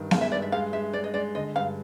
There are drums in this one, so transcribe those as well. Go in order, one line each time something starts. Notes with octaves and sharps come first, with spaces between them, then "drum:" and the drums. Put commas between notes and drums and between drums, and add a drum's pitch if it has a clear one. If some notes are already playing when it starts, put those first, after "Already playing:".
Already playing: G2 D#3
G#3 F5, drum: snare B3
E5
G2 D5
E5
G#3 F5
G#3 E5
G#3 D5
D#5
G#3 D5
D3 D#5
G2 F5